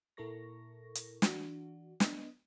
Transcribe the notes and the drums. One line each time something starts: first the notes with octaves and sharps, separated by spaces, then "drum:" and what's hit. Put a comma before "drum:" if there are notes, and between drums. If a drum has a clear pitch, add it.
A#2 E4 A4 A#4 C#6 A#6
drum: hi-hat
E3 D4 F#4, drum: snare
B3 D4 D#5, drum: snare